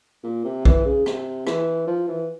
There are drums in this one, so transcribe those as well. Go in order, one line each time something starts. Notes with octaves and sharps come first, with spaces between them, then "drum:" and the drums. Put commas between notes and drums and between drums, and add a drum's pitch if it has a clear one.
A#2
C3
E3, drum: kick
C#3
C3, drum: rim click
E3, drum: rim click
F3
E3